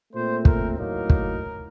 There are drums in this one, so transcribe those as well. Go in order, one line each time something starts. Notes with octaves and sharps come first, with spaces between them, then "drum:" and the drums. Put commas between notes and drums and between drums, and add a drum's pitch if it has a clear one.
A#2 A3 C4 C5
A#4, drum: kick
A2 F#3 A#3 D#4 A#4
drum: kick